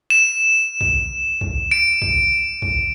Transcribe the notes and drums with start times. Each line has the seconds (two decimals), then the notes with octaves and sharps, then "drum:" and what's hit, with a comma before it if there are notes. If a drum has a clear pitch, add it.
0.10 E7
0.81 drum: kick A#1
1.41 drum: kick A#1
1.71 D7
2.02 drum: kick A#1
2.62 drum: kick A#1